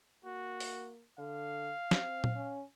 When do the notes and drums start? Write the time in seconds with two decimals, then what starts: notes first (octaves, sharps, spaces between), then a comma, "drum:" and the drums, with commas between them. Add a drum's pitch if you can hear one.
0.25 A#3 F#4
0.60 drum: open hi-hat
1.18 D3 F5
1.91 C4, drum: snare
2.24 drum: tom A#2
2.35 C#4